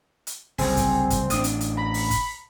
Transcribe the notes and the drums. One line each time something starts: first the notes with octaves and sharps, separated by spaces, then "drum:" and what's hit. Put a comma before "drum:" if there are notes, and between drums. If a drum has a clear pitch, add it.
drum: hi-hat
F#1 C2 C4 G#4, drum: open hi-hat
drum: kick, hi-hat
drum: kick, hi-hat
A1 D4 D#6, drum: hi-hat
drum: hi-hat
drum: hi-hat
A#5 B5
drum: open hi-hat
drum: kick, hi-hat